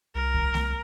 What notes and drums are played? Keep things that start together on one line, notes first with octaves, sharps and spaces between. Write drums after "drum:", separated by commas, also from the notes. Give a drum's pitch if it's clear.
C2 A#4
drum: kick D2
drum: snare A3